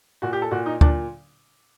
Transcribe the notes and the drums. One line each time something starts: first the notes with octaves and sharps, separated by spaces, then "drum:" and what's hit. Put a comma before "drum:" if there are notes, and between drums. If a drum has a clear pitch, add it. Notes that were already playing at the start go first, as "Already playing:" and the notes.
A#2 F#4
G4
A4
A#2 F#4
D#4
A#2 D4, drum: kick